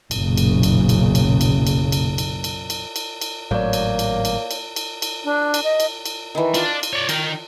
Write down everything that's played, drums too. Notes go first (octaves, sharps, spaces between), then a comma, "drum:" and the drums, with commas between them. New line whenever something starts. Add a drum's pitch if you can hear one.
F#1 B1 A#2 C#3, drum: cymbal
drum: cymbal
drum: cymbal
drum: cymbal
drum: cymbal
drum: cymbal
drum: cymbal
drum: cymbal
drum: cymbal
drum: cymbal
drum: cymbal
drum: cymbal
drum: cymbal
G#1 A2 F#3 A#3 C#5 D5
drum: cymbal
drum: cymbal
drum: cymbal
drum: cymbal
drum: cymbal
drum: cymbal
D4
drum: cymbal
D#5
drum: cymbal
drum: cymbal
D#3 E3
D4 F4, drum: cymbal
drum: cymbal
C#5 D5
D#3 A#4, drum: cymbal